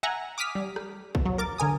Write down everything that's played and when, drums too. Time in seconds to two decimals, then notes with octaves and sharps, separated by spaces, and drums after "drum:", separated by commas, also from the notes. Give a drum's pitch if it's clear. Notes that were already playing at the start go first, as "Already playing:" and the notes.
0.03 E5 F#5 G#5 A#5
0.38 D6 D#6 F6 B6
0.55 G3
0.76 drum: rim click
1.15 drum: kick
1.26 F#3
1.38 A#4 D6 A6
1.58 D3 A#4 G#5 D#6